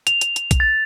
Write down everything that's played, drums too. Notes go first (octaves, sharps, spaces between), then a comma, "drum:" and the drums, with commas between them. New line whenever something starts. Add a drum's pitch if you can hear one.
F7, drum: hi-hat
drum: hi-hat
drum: hi-hat
drum: kick A#1, hi-hat
A6